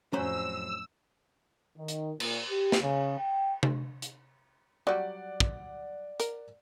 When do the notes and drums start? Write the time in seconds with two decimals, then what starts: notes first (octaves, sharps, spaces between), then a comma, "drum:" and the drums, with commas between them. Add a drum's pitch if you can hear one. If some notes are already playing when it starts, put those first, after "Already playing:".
0.13 F2 A2 F#3 C#4 C5 B5 E6
1.78 D#3
1.88 drum: hi-hat
2.20 A#2, drum: cymbal
2.51 G4
2.72 drum: snare
2.82 C#3
3.19 G5
3.63 drum: tom C3
4.02 drum: hi-hat
4.87 F#3 G3 F#4 D5 F#5
5.40 drum: kick
6.20 A#4, drum: hi-hat